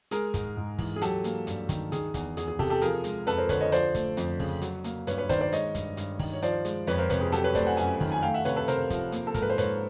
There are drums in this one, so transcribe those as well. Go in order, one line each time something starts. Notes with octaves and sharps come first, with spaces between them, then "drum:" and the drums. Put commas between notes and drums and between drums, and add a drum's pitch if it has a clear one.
G#3 G#4 A#4, drum: hi-hat
G#2, drum: kick, hi-hat
G#2
E3, drum: kick, open hi-hat
G#4
F#3 G4 A4, drum: hi-hat
A#3, drum: hi-hat
G2, drum: hi-hat
D#3, drum: kick, hi-hat
D#3 G#4, drum: hi-hat
E2, drum: kick, hi-hat
E2 G#4, drum: hi-hat
G#4
C3 G4 A4, drum: kick, open hi-hat
G4 A4
F3 G#4 A#4, drum: hi-hat
G#3, drum: hi-hat
F2 A4 B4, drum: hi-hat
A#4 C5
D3 B4 C#5, drum: kick, hi-hat
C#5 D#5
F3 C5 D5, drum: hi-hat
A3, drum: kick, hi-hat
F2, drum: hi-hat
C#3, drum: kick, open hi-hat
F#3, drum: hi-hat
A#3, drum: hi-hat
G2 B4 C#5, drum: hi-hat
B4 C#5
D#3 C5 D5, drum: kick, hi-hat
C5 D5
G#3 C#5 D#5, drum: hi-hat
G2, drum: kick, hi-hat
G2, drum: hi-hat
D#3, drum: kick, open hi-hat
C#5
F3 C5 D5, drum: hi-hat
G#3, drum: hi-hat
F2 B4 C#5, drum: hi-hat
A#4 C5
C3 B4 C#5, drum: kick, hi-hat
G#4
F#3 G4 A4, drum: hi-hat
B4 C#5
A3 C5 D5, drum: kick, hi-hat
F#5 G#5
F#2 F#5 G#5, drum: hi-hat
D#3, drum: kick, open hi-hat
G#5
A3 F5 G5
E5 F#5
C3 B4 C#5, drum: hi-hat
A4 B4
C3 A#4 C5, drum: hi-hat
F3, drum: kick, hi-hat
A#3, drum: hi-hat
A4
G#2 A#4, drum: kick, hi-hat
B4
C5
G#2 B4 C#5, drum: hi-hat